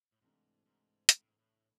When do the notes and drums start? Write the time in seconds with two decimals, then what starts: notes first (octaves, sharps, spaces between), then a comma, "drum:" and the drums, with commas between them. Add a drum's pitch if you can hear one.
0.12 A2
0.21 C2 G#2 C3 E3 A3 D4
0.66 G#2
1.09 G#2, drum: hi-hat
1.19 A2
1.28 G#2
1.38 A2